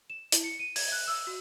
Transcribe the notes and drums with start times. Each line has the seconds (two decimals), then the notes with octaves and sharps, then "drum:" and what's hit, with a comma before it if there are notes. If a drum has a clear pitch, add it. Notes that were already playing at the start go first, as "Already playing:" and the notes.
0.10 E7
0.32 E4, drum: hi-hat
0.44 C#7
0.59 D#7
0.76 G#6, drum: open hi-hat
0.92 F#6
1.07 E6
1.27 F#4